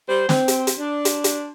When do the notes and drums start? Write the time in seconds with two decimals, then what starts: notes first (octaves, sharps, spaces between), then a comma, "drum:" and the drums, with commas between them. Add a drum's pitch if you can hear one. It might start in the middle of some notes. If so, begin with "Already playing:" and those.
0.09 G3 C5
0.29 C4, drum: snare
0.48 drum: hi-hat
0.67 drum: hi-hat
0.79 D4
1.05 drum: hi-hat
1.24 drum: hi-hat